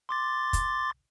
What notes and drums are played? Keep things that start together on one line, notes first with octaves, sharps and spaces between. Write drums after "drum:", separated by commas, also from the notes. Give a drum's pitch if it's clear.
C6 D6 A6
drum: kick, hi-hat